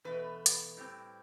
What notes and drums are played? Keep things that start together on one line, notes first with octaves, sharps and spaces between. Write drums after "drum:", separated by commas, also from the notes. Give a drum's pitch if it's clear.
E2 B2 A3 B4
drum: hi-hat
A2 G3 C4